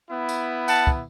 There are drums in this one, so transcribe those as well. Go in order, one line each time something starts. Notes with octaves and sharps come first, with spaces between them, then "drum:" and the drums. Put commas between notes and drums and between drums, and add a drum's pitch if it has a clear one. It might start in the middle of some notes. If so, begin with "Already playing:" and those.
B3 E4
drum: tambourine
F#5 A5, drum: tambourine
drum: kick